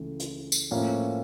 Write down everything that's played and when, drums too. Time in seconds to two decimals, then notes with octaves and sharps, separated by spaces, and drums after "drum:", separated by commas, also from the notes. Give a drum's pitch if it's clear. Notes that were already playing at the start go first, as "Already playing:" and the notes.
Already playing: C#2 C#3 E3 A3
0.20 drum: hi-hat
0.52 drum: tambourine
0.71 A2 F3 A#3 C#4